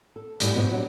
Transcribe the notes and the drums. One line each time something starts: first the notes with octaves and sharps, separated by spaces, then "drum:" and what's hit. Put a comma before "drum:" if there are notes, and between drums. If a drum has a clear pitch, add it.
A4
G#2 G3 A3 E4, drum: hi-hat
F2 G#2 B2 F#3 B3 G4
F#3 G3 D4